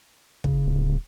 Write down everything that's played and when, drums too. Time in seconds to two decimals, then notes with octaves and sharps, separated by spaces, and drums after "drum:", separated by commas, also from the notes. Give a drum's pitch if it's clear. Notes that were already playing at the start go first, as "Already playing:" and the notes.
0.44 C#3, drum: kick
0.66 D1